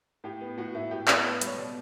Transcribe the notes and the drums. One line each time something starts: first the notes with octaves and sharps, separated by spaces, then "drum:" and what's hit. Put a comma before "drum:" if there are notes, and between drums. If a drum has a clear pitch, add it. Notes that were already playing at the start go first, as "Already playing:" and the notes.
A2 G4
B3
A2 F#4
A2 E4
A2 G4
B3 A4, drum: clap
B3 B4
B4
G3 C#5, drum: hi-hat
B2 D5